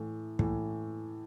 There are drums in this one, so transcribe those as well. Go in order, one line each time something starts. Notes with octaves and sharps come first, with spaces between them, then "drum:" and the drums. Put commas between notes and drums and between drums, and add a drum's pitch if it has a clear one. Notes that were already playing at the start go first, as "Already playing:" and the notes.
Already playing: A2 E3
A2 E3, drum: kick